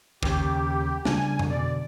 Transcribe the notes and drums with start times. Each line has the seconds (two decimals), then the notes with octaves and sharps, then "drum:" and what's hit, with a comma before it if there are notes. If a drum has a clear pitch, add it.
0.23 D#2 C#3 G4, drum: kick
1.05 C#3 G3 D4 G#5, drum: snare
1.39 drum: tom F2
1.50 B2 D3 D5